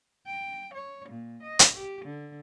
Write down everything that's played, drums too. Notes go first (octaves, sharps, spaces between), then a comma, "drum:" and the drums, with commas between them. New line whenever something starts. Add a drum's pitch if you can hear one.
G5
C#5
A#2
D#5
drum: hi-hat
G4
D3